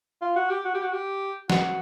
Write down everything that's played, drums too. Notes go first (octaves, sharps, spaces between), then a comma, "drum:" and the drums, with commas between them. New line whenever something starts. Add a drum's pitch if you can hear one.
F4
F#4
G4
F#4
G4
F#4
G4
F#4, drum: snare